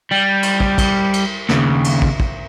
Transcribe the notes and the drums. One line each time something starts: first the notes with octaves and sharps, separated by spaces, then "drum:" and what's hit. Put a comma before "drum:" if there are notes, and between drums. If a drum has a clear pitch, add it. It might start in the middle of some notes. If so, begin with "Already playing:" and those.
G3
drum: cymbal
drum: kick
drum: kick, cymbal
drum: cymbal
D#2 C#3, drum: snare
drum: cymbal
drum: kick
drum: kick